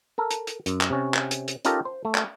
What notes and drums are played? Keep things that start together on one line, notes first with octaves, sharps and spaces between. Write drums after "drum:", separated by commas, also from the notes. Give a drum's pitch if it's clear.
A4 A#4
drum: hi-hat
drum: hi-hat
F#2, drum: hi-hat
drum: clap
C3 C#4
drum: clap
drum: hi-hat
drum: hi-hat
C#4 D#4 F4 G4 A4 A#4, drum: hi-hat
C5
A3
drum: clap